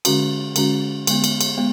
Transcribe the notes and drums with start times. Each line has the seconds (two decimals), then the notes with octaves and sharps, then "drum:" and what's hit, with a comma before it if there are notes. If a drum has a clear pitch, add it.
0.05 D3 G#3 C#4 F#4, drum: cymbal
0.56 D3 G#3 C#4 F#4, drum: cymbal
1.07 D3 G#3 B3, drum: cymbal
1.24 drum: cymbal
1.41 drum: cymbal
1.57 G#3 B3